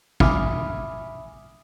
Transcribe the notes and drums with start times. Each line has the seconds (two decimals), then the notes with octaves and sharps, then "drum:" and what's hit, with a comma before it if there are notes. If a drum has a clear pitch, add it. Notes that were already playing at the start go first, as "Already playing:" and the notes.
0.20 E5 G#5 B5 D6 D#6 F6, drum: kick